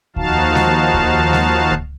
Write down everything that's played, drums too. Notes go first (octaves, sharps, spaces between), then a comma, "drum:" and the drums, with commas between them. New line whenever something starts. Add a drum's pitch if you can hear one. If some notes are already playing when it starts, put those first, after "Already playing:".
D#2 F3 D#4 F#4 F5 A5, drum: kick C#2
drum: snare G#3
drum: kick C#2
drum: snare G#3
drum: kick C#2